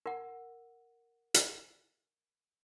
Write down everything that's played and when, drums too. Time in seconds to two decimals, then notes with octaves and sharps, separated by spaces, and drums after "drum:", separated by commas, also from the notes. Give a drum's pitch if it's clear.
0.06 A#4 F#5
1.34 drum: hi-hat